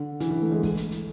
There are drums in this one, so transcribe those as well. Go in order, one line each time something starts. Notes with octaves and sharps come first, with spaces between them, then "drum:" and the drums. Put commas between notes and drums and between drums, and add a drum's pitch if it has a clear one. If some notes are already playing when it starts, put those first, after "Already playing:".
Already playing: D3
E3, drum: hi-hat
E3
A3
G#3
A3, drum: kick, open hi-hat
drum: hi-hat
drum: hi-hat